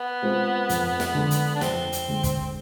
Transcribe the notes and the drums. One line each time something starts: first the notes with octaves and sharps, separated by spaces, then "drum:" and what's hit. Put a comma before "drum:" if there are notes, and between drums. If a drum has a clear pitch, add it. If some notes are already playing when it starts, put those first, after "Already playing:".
Already playing: B3
G#3 C4 F4
F2, drum: hi-hat
drum: snare
D3 G#3
drum: hi-hat
D4
F2 C4, drum: snare
drum: hi-hat
D3 G#3
drum: kick, hi-hat